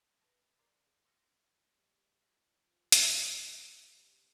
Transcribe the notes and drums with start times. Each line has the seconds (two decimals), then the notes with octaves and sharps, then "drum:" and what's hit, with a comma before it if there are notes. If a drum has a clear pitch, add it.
0.20 B4 A5 A#6
0.59 A#4 D5 A#5 C6 D6 C7
0.87 G#4
1.05 C6 D6 E6 F6 A#6 C#7
1.62 B2 G3
2.18 F2 B2 D3 G#3 D#4
2.60 G2 C3 F3
2.92 drum: hi-hat
3.36 C#3 E3 C5
3.88 F#3 G3 C#4 G4